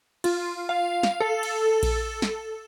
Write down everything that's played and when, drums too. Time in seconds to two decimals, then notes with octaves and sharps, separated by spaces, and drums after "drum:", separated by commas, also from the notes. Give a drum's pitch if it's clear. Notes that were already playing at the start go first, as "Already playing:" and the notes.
0.24 F4, drum: cymbal
0.69 F5
1.03 drum: snare
1.21 A4
1.43 drum: cymbal
1.83 drum: kick A#1, cymbal
2.22 drum: snare